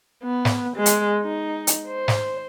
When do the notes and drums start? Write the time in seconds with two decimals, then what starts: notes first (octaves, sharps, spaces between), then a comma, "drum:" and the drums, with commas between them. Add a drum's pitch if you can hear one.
0.23 B3
0.45 drum: snare
0.77 G#3
0.86 drum: hi-hat
1.22 D#4
1.67 drum: hi-hat
1.87 C5
2.08 drum: snare